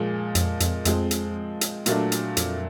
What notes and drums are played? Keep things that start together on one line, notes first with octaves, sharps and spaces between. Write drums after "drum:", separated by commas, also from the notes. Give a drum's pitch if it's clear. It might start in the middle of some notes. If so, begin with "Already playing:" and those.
Already playing: A#2 F3 G#3
F2, drum: hi-hat
F2, drum: hi-hat
F2 F3 G#3 C4, drum: hi-hat
drum: hi-hat
drum: hi-hat
A#2 F#3 A3 D4, drum: hi-hat
drum: hi-hat
F2, drum: hi-hat